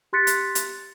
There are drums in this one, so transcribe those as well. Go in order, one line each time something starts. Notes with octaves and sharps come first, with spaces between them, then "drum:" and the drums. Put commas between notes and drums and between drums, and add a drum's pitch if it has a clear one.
G4 C6 F#6 A6 B6 C#7
drum: hi-hat
drum: hi-hat